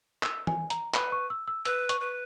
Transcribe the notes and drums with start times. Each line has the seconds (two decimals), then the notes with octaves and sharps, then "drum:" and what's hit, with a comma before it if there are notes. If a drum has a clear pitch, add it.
0.23 E6, drum: clap
0.47 G#5, drum: tom
0.70 A#5, drum: hi-hat
0.94 B4 B5, drum: clap
1.12 C#6
1.30 E6
1.48 E6
1.65 B4 E6, drum: hi-hat
1.89 C#6, drum: hi-hat
2.01 B4